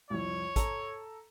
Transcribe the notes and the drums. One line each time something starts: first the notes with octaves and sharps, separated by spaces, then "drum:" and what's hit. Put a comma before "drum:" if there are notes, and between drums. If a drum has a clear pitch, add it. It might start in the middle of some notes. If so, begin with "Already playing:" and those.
C2 F2 C#5
A4 A#5, drum: kick A1, hi-hat